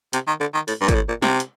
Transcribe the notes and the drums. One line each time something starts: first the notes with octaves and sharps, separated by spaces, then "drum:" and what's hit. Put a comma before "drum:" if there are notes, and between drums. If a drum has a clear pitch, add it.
C3, drum: hi-hat
D#3
D3
D#3
A2, drum: open hi-hat
G2
A#2, drum: kick, hi-hat
A2
A#2
C3, drum: snare
drum: hi-hat